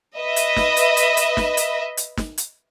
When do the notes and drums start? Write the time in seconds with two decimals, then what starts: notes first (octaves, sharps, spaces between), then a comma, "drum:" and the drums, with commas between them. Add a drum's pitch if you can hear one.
0.16 B4 D#5 E5
0.36 drum: hi-hat
0.56 drum: snare
0.77 drum: hi-hat
0.97 drum: hi-hat
1.17 drum: hi-hat
1.37 drum: snare
1.57 drum: hi-hat
1.97 drum: hi-hat
2.17 drum: snare
2.38 drum: hi-hat